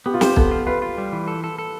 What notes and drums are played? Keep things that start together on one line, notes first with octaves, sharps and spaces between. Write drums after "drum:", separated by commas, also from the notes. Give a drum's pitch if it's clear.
B3 G4
F4
G4 C5, drum: snare
B3 A4, drum: kick
F4
F4 B4
F4
G3
E3
A4
A4
A4